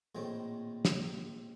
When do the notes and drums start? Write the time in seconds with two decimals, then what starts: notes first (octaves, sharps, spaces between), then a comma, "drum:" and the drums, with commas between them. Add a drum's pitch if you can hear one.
0.15 A#1 A2 D#3 C4
0.85 drum: snare